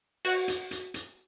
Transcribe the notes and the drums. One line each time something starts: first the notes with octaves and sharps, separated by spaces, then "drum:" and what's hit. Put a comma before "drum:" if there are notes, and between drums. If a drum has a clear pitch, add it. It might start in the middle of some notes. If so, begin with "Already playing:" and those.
F#4, drum: open hi-hat
drum: hi-hat
drum: hi-hat
drum: hi-hat